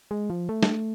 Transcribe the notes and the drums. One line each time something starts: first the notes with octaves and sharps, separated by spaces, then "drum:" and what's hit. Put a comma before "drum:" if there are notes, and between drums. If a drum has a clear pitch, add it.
G#3
F3
A3
drum: snare